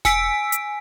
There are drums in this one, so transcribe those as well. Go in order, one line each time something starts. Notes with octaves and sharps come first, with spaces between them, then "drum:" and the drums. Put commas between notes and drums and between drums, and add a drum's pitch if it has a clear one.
G#5 E6 B6 D7, drum: snare E1
drum: hi-hat